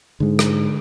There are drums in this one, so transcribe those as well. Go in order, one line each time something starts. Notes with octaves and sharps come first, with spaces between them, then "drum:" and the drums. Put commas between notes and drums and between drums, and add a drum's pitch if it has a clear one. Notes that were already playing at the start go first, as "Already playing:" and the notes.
G#2 D3 G#3
drum: rim click